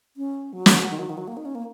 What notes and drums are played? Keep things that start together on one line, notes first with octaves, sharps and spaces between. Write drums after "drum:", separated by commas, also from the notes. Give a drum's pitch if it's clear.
C#4
F#3
drum: snare
D#3
F#3
D#3
F#3
A#3
D#4
C#4
A#3